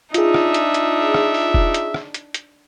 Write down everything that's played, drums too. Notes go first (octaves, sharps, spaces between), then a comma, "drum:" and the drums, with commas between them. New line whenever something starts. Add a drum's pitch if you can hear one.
D4 D#4 F4 G#4 E5, drum: hi-hat
drum: rim click
drum: hi-hat
drum: hi-hat
drum: rim click
drum: open hi-hat
drum: kick E1
drum: hi-hat
drum: rim click
drum: hi-hat
drum: hi-hat